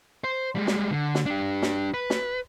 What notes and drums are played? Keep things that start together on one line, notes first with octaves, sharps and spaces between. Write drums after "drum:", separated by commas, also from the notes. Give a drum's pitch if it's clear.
C5
G3 G#3
drum: snare
D3
drum: snare
D4 G4
drum: snare
B4
drum: snare